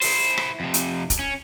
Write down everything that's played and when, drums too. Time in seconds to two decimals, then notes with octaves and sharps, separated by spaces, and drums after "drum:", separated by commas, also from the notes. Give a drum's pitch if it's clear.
0.01 E4 C5, drum: open hi-hat
0.38 drum: rim click
0.60 F2 C3
0.74 drum: hi-hat
1.10 drum: kick, hi-hat
1.19 C#4